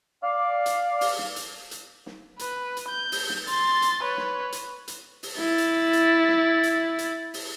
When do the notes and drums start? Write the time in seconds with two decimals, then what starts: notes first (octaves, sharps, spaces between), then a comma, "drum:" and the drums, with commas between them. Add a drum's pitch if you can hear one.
0.24 D5 F5
0.66 drum: hi-hat
1.01 drum: open hi-hat
1.18 drum: snare
1.36 drum: hi-hat
1.71 drum: hi-hat
2.06 drum: snare
2.39 B4, drum: hi-hat
2.77 drum: hi-hat
2.89 G6
3.12 drum: open hi-hat
3.29 drum: snare
3.47 C6 A6, drum: hi-hat
3.82 drum: hi-hat
4.04 B4 C#5
4.17 drum: snare
4.52 drum: hi-hat
4.88 drum: hi-hat
5.23 drum: open hi-hat
5.38 E4 A6, drum: snare
5.58 drum: hi-hat
5.93 drum: hi-hat
6.28 drum: snare
6.63 drum: hi-hat
6.99 drum: hi-hat
7.34 drum: open hi-hat